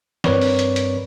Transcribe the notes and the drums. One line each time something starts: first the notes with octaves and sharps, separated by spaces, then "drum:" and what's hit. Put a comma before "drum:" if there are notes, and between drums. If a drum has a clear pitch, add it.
G2 C4 A#4 B4 C#5 D5, drum: snare
drum: open hi-hat
drum: hi-hat
drum: hi-hat